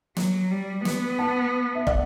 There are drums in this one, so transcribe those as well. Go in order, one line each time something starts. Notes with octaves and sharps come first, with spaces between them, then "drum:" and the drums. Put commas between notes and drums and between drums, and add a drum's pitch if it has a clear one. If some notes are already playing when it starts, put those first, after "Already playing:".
F#3, drum: snare
G3
B3, drum: snare
F#5 A5
E5
D5 F#5, drum: kick